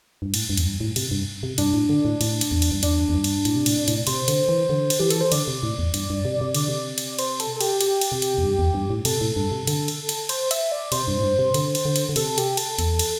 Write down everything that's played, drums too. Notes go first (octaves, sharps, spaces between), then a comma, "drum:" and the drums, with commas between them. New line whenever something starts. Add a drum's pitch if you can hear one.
G2
A2, drum: cymbal
G2
E2, drum: cymbal
G2
A2
C3, drum: cymbal
G2
C3
G2 D4, drum: cymbal
A2
D3
A2
A2, drum: cymbal
drum: cymbal
E2
drum: cymbal
G2
E2 D4, drum: cymbal
E2
G2
drum: cymbal
A2, drum: cymbal
C3
A2, drum: cymbal
C3
A2, drum: cymbal
C3 C5, drum: cymbal
D3, drum: cymbal
E3
D3
drum: cymbal
E3 G4
A4, drum: cymbal
C5
D3 D5, drum: cymbal
C3
A2
E2
G2, drum: cymbal
G2
C3
C3
D3 D5, drum: cymbal
C3
drum: cymbal
C5, drum: cymbal
A4, drum: cymbal
A4
G4, drum: cymbal
G4, drum: cymbal
drum: cymbal
C3
drum: cymbal
E2
G2
E2
G2
A2
C3 A4, drum: cymbal
A2
G2
C3
D3, drum: cymbal
drum: cymbal
drum: cymbal
C5, drum: cymbal
E5, drum: cymbal
D5
C3 C5, drum: cymbal
G2
A2
G2
C3
D3, drum: cymbal
drum: cymbal
D3
drum: cymbal
D3
C3 A4, drum: cymbal
G4, drum: cymbal
A4, drum: cymbal
E2 A4, drum: cymbal
drum: cymbal